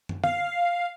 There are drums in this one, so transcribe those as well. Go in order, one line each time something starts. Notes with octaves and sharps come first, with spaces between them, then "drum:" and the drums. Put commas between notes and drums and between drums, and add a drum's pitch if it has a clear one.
drum: tom
F5, drum: tom